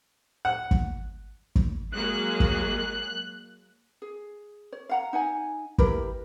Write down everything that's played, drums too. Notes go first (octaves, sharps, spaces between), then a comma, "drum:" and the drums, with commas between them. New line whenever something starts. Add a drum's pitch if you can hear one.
F#5
drum: kick
drum: kick
F#3 G#3 A#3 F#6
drum: kick
G#4
C#5
F5 F#5 A#5
D#4 F#5 G#5
E4 G4 A#4 B4, drum: kick